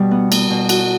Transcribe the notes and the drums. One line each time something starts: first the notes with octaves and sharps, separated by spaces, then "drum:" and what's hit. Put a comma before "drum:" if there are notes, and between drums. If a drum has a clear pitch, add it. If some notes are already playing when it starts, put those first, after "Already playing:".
Already playing: B2 G3
B3
B3, drum: cymbal
B2
F#4, drum: cymbal